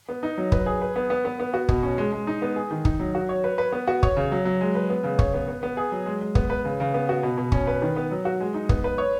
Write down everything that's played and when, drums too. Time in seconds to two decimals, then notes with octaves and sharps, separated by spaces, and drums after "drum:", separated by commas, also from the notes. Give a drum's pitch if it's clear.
0.09 B3
0.23 D#4
0.38 F#3
0.52 B4, drum: kick
0.66 G#4
0.82 B4
0.96 B3
1.10 B3
1.25 B3
1.40 B3
1.54 F#4
1.69 B2, drum: kick
1.83 C#4
1.98 G#3
2.12 G#3
2.27 D#4
2.42 B3
2.56 G#4
2.71 D#3
2.85 D#4, drum: kick
2.99 F#3
3.15 F#4
3.29 C#5
3.44 B4
3.58 B4
3.72 B3
3.87 F#4
4.03 C#5, drum: kick
4.17 C#3
4.32 F#3
4.45 F#3
4.61 G#3
4.75 B4
4.90 B3
5.04 C#3
5.19 C#5, drum: kick
5.34 B3
5.48 B3
5.63 B3
5.77 G#4
5.92 F#3
6.06 G#3
6.21 G#3
6.35 B3, drum: kick
6.50 B4
6.65 C#3
6.80 C#3
6.94 B3
7.09 F#4
7.23 B2
7.38 B2
7.52 C#4, drum: kick
7.67 B4
7.82 D#3
7.96 B3
8.11 F#3
8.25 F#4
8.40 G#3
8.54 D#4
8.69 B3, drum: kick
8.84 B4
8.98 C#5